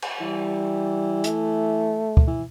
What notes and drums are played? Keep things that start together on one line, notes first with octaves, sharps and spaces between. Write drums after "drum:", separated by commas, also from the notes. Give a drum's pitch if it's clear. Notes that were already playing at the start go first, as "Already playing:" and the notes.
drum: cymbal
E3 G3
A3, drum: hi-hat
drum: kick
E3